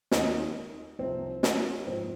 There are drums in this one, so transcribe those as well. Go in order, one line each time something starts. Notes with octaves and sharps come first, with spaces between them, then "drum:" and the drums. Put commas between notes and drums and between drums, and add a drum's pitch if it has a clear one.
D#2 D#3 D#4, drum: snare
C2 C3 F3 C4
drum: snare
G#2 F3 C4